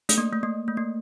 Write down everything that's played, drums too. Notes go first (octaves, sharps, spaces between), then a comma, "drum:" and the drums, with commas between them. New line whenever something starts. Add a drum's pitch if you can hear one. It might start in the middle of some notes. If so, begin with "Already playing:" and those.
A3, drum: hi-hat
A#3
A3
A#3
A3
A#3